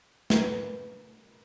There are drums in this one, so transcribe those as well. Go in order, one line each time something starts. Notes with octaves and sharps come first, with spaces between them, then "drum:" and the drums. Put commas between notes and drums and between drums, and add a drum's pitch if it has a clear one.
A#4, drum: snare
B4